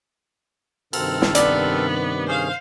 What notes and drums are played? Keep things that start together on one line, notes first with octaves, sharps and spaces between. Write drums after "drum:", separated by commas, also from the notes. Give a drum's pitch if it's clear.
G2 C3 D#3 C4 A4 A#4, drum: cymbal
drum: snare
B3 D5, drum: hi-hat
C#4 G#4 C5 F5